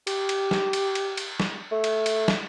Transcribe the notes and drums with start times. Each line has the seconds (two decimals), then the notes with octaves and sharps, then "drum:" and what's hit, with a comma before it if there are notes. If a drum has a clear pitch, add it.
0.07 G4, drum: cymbal
0.29 drum: cymbal
0.51 drum: snare
0.73 drum: cymbal
0.95 drum: cymbal
1.17 drum: cymbal
1.40 drum: snare
1.71 A3
1.84 drum: cymbal
2.06 drum: cymbal
2.28 drum: snare